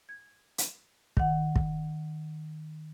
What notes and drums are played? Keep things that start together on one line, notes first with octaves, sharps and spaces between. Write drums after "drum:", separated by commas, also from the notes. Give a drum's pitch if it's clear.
G#6
drum: hi-hat
D#3 F#5, drum: kick
drum: kick